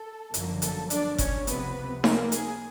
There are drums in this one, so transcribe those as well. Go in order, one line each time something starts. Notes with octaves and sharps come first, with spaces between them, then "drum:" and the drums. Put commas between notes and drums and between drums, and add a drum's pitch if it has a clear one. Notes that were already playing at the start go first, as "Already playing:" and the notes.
Already playing: A4
G1 F#2 D3 F3 A#3, drum: hi-hat
A4, drum: hi-hat
D4 D5, drum: hi-hat
C#4 C#5, drum: kick F#1, hi-hat
C#2 C3 F3 B3 B4, drum: hi-hat
A#3 A#4, drum: snare D#4
G#4, drum: hi-hat